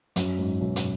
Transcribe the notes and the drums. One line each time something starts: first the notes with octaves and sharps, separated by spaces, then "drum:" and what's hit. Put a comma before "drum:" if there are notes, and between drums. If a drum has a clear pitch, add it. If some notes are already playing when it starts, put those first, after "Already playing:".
F#2, drum: hi-hat
G#2
F#2 B2
drum: hi-hat